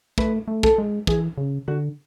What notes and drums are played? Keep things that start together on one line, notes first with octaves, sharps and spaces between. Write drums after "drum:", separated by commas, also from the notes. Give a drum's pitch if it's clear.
A3 B4, drum: kick
A3
A4, drum: kick
G#3
E3 G#4, drum: kick
C#3
D3 F#4